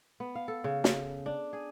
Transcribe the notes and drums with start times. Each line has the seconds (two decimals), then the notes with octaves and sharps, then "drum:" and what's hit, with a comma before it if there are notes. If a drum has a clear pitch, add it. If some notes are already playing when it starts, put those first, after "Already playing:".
0.20 B3
0.35 F5
0.48 A4
0.64 C#3
0.84 drum: snare
1.26 D4
1.53 G#4